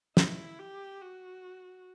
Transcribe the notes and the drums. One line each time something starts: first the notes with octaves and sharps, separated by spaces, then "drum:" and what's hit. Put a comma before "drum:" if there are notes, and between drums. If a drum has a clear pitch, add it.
E4, drum: snare
G4
F#4